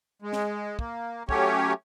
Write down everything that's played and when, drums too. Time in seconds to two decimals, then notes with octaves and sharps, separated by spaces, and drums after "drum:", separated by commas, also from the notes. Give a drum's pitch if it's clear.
0.22 G#3
0.33 drum: snare
0.79 A#3, drum: kick
1.29 F#3 A3 C#4 G4 C#5, drum: kick